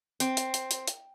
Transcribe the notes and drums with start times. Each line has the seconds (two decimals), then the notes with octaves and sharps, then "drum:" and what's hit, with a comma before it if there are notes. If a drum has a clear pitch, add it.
0.20 C4, drum: hi-hat
0.37 drum: hi-hat
0.54 drum: hi-hat
0.71 drum: hi-hat
0.88 drum: hi-hat